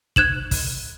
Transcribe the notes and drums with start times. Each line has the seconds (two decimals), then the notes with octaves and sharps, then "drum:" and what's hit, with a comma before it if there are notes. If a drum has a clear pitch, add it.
0.16 F#6 G#6 E7 F#7, drum: kick
0.51 drum: kick, open hi-hat